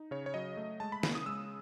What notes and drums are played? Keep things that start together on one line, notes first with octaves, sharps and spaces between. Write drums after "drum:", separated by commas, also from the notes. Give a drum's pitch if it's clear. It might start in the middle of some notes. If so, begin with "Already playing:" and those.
Already playing: D#4
C#3 C#5
C#5
F#3 D#5
A3
G#3 A5
B5
C#3, drum: snare
D#6
G#3 E6